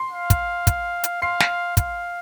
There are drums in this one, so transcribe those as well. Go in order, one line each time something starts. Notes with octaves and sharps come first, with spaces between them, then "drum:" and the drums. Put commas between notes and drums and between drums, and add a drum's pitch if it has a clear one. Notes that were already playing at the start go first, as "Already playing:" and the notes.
Already playing: C6 C7
F5
drum: kick, hi-hat
drum: kick, hi-hat
drum: hi-hat
F5 C6 C7
drum: snare
F5, drum: kick, hi-hat